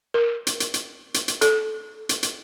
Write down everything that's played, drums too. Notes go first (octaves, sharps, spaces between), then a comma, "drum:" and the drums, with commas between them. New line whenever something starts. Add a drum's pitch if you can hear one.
A#4
drum: hi-hat
drum: hi-hat
drum: hi-hat
drum: hi-hat
drum: hi-hat
A4, drum: hi-hat
drum: hi-hat
drum: hi-hat